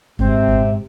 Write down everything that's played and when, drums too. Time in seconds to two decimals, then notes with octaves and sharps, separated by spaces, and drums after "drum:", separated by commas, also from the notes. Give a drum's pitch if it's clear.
0.19 G#2 C3 C4, drum: kick G#1
0.48 drum: kick G#1